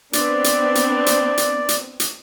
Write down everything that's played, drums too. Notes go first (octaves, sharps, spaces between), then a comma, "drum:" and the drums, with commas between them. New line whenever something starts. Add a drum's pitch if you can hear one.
B3 C4 D4 D5, drum: hi-hat
drum: hi-hat
drum: hi-hat
drum: hi-hat
drum: hi-hat
drum: hi-hat
drum: hi-hat